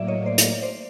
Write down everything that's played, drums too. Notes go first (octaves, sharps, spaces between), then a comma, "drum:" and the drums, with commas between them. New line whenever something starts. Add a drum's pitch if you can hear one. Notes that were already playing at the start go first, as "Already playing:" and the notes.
Already playing: A2 F#3 A#3 D5 E5
C#5 D#5
C5 D5
drum: hi-hat
C5 D5